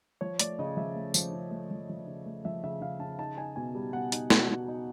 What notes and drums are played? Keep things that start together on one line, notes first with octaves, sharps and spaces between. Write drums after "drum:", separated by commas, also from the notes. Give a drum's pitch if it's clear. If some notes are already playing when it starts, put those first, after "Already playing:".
F3 C#5
A3 D5, drum: hi-hat
C#3 D#5
F3 E5
A3
F3, drum: tambourine
C#3
A3
F3
F3
C#3
A3
F3 E5
C#3 E5
C#3 F5
C#3 A5
D#4 A5
D#4 G#5
B2 G#5
G3
B2 F#5
D#4, drum: hi-hat
B2, drum: snare
B2
D#4